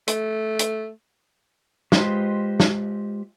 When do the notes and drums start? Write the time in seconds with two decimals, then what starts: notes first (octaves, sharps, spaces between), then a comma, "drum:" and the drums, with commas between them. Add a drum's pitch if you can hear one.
0.08 A3, drum: hi-hat
0.59 drum: hi-hat
1.92 G#3 F4 G4 B4 C5 D#5, drum: snare
2.60 drum: snare